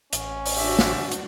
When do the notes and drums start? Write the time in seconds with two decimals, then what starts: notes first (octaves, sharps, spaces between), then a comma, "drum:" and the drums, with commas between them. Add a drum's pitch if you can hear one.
0.13 A1 C#4, drum: hi-hat
0.46 drum: open hi-hat
0.57 C#3 D4 F#4 G4 E5
0.79 drum: snare
1.12 drum: hi-hat